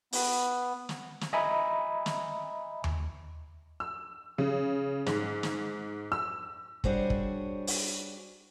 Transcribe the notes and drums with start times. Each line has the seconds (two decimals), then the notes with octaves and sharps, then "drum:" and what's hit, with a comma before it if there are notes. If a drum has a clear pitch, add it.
0.13 B3, drum: open hi-hat
0.89 drum: snare
1.21 drum: snare
1.33 D#5 E5 G#5 A#5 B5
2.06 drum: snare
2.84 drum: tom D#2
3.80 E6
4.38 C#3
5.06 G#2, drum: snare
5.43 drum: snare
6.12 E6
6.84 G3 D4 F#4 G#4 C5 C#5, drum: kick
7.10 drum: kick
7.67 drum: open hi-hat